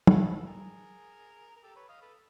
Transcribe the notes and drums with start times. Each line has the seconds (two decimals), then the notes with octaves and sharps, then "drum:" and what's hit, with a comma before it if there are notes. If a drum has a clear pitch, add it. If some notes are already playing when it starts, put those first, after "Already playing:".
0.07 A4 B4, drum: tom
0.46 G#4 A#4
1.57 A#4
1.63 G4 A4
1.76 B4 C#5
1.89 D#5 F5
2.02 A4 B4